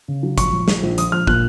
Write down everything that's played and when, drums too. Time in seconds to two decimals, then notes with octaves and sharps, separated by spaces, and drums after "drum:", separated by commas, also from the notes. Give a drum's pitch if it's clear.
0.08 C#3
0.23 F#3
0.38 A#1 C#6, drum: kick, hi-hat
0.53 A#1
0.68 F3, drum: snare
0.83 A#1
0.98 F3 D#6, drum: hi-hat
1.12 A#1 F6
1.27 A#2 F#6, drum: kick